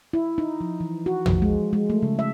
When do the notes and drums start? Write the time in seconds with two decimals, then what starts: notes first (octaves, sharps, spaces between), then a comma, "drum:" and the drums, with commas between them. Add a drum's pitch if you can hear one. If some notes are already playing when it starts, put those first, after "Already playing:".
0.13 E4
0.38 D#4
0.61 F3
0.80 E3
1.06 F#4
1.26 F3, drum: tom
1.42 G#3
1.73 G#3
1.90 A3
2.02 C#3
2.19 E5